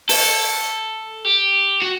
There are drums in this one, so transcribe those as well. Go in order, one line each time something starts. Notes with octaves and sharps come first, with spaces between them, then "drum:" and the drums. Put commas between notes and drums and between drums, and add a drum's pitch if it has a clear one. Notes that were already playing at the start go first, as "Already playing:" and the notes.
A4, drum: open hi-hat
G4
F#4